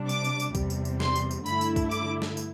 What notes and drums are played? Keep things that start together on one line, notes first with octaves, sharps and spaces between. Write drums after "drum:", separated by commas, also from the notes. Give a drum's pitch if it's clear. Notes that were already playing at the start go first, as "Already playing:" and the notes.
Already playing: C3 G3 D4
D6, drum: tambourine
drum: tambourine
drum: tambourine
E2 C3 G3, drum: kick B1, tambourine
drum: tambourine
drum: tambourine
C6, drum: snare
drum: tambourine
drum: tambourine
G2 D3 A3 E4 B5, drum: tambourine
drum: tambourine
drum: kick B1, tambourine
D6, drum: tambourine
drum: snare
drum: tambourine